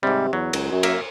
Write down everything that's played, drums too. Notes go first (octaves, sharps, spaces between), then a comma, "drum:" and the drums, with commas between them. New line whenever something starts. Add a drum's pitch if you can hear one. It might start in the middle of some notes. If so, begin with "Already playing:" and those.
G#2 C3 G3
E2 F#3
C#2, drum: cymbal
F#2
A#3 E5, drum: cymbal